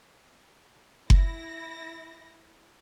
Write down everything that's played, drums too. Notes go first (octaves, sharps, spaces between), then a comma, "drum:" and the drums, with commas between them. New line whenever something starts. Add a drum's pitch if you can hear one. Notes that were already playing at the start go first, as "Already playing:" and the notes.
E4 A#6, drum: kick F#1